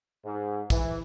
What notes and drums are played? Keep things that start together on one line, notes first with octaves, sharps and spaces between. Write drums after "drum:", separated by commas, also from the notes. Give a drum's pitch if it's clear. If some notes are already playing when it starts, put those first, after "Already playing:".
G#2
E3, drum: kick, tambourine